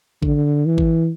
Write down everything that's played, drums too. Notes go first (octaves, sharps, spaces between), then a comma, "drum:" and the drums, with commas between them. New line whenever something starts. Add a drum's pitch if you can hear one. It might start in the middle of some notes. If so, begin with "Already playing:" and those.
D3, drum: kick
E3
drum: kick